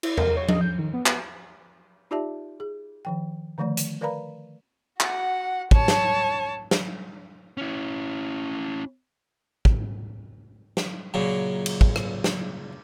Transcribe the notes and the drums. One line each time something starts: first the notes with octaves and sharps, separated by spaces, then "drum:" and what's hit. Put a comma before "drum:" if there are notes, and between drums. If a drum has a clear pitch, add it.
E4, drum: cymbal
A#4, drum: tom E2
C#5
D#5, drum: tom F3
G6
D#3
B3
B3, drum: clap
D#4 F4 G4 D5 E5 A5
G#4
D#3 F3 G5
D3 D#3 F3 A3 D5
drum: hi-hat
A#4 B4 D5 F5 A#5 B5
F#4 F#5, drum: clap
C#5 A5, drum: kick
drum: snare
drum: snare
C#4 E4
drum: kick
drum: snare
F#2 A#2 C#3
drum: cymbal
drum: kick
drum: rim click
drum: snare